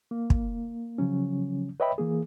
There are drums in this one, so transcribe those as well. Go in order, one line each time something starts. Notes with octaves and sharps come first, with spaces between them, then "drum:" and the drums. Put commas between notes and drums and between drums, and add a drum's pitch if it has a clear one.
A#3
drum: kick
C#3 F3 F#3 C#4
B4 C#5 D#5 E5 G5 B5
E3 A#3 G#4